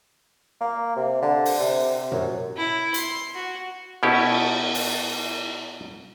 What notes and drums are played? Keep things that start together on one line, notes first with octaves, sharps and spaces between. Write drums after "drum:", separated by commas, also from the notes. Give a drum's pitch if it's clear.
A#3
C3
D3
drum: open hi-hat
C3
F#2, drum: tom A#2
E4
C6, drum: hi-hat
F#4
B2 C#4 E4 G4, drum: cymbal
drum: open hi-hat